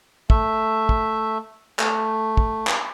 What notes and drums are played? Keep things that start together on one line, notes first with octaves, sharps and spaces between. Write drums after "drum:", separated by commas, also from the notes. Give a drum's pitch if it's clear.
A3 E5, drum: kick
drum: kick
A3, drum: clap
drum: kick
drum: clap